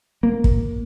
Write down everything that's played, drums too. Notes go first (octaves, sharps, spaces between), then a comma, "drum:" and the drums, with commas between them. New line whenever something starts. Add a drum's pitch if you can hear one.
A#3
drum: kick